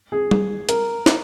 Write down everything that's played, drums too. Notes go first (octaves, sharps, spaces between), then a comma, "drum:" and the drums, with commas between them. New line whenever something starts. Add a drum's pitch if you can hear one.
G#4
drum: tom G3
A#4, drum: hi-hat
drum: snare